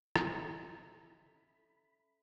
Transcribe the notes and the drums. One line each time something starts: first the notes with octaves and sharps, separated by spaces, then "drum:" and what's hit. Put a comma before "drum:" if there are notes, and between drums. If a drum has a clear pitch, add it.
C2 E5, drum: rim click
D4 A4
E3 D#5 A#5 B5
C#4 A4